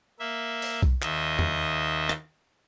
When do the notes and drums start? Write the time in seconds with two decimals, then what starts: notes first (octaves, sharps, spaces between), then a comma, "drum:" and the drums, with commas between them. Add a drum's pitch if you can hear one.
0.20 A#3 E5
0.62 drum: open hi-hat
0.82 drum: kick B1
1.03 D#2 D#5 E5, drum: clap
1.39 drum: tom E2
2.09 drum: rim click